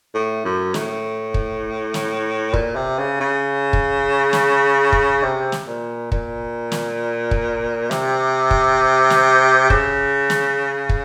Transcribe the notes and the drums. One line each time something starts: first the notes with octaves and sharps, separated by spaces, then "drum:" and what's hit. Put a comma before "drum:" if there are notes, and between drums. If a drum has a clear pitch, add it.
A2
F#2
A2, drum: snare
drum: kick
drum: snare
A#2, drum: kick
C3
C#3
C#3
drum: kick
drum: snare
drum: kick
C3
drum: snare
A#2
A#2, drum: kick
drum: snare
drum: kick
C3, drum: snare
drum: kick
drum: snare
C#3, drum: kick
drum: snare
drum: kick